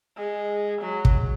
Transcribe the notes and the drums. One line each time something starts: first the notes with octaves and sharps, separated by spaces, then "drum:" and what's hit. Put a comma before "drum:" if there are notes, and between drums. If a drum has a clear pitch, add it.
G#3
F#3
drum: kick